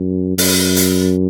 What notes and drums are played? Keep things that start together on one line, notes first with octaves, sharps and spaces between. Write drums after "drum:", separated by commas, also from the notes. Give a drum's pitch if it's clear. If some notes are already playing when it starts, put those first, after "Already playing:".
Already playing: F#2
F#2, drum: open hi-hat
drum: hi-hat